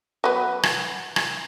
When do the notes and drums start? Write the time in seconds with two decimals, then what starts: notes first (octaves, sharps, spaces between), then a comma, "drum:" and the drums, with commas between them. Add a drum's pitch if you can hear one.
0.24 F#3 B3
0.63 drum: rim click
1.16 drum: rim click